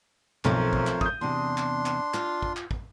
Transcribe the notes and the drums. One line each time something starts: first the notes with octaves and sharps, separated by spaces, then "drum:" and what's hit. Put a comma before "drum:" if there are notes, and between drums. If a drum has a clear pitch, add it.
B1 F3 A3 C4 A#4 C5 C#5, drum: clap
drum: kick
drum: clap
D#6 G6, drum: kick
E2 C3 D4 C6
drum: clap
drum: clap
F4, drum: clap
drum: kick
drum: clap
drum: kick